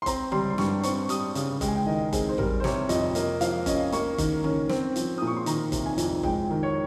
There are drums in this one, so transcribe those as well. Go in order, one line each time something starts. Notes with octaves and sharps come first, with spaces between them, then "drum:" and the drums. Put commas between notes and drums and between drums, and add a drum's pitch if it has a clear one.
C6
C4 A#5, drum: kick F#1, hi-hat
G3 C6, drum: tom C#3
C6
G2 C#6, drum: snare
C4 C#6, drum: hi-hat
G3 D#6, drum: hi-hat
C#3, drum: hi-hat
G#3 G5, drum: kick F#1, hi-hat
G#5
G5
D#3 D#5
C4 G#4, drum: kick F#1, hi-hat
C5
G3 A#4, drum: tom A1
C5
C3 C#5, drum: snare
F2 D#5, drum: hi-hat
A#3 D#5, drum: hi-hat
F3 F5, drum: hi-hat
C#4 D#5, drum: kick F#1, hi-hat
A#3 C#6, drum: hi-hat
D#3, drum: kick F#1, hi-hat
C#4, drum: tom C#3
C4, drum: snare
F3, drum: hi-hat
A#2 D#6
C#6
C6
D#3 A#5, drum: hi-hat
C3, drum: kick F#1, hi-hat
G#5
F2, drum: hi-hat
G#3 G5, drum: kick F#1
D#3
C#5